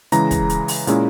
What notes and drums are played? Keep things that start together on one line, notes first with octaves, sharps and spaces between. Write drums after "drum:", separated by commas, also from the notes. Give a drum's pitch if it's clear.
C#3 E3 G#3 A#5, drum: hi-hat
drum: kick, hi-hat
drum: hi-hat
drum: open hi-hat
A#2 G#3 C#4 E4, drum: hi-hat